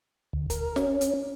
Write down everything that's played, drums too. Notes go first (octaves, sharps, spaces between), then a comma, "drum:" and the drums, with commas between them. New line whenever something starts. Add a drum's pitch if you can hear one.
D2
A#4, drum: kick, hi-hat
C#4, drum: snare
drum: hi-hat